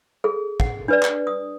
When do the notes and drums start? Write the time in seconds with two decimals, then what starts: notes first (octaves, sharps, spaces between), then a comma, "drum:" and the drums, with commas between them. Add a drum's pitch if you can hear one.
0.24 G#4 A4
0.60 F#5, drum: kick
0.88 D4 B4 D5
1.03 drum: clap
1.27 D#6